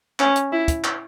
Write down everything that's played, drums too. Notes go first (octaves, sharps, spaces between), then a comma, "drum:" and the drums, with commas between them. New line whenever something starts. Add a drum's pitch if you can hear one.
C#4, drum: clap
drum: hi-hat
E4
drum: kick, hi-hat
drum: clap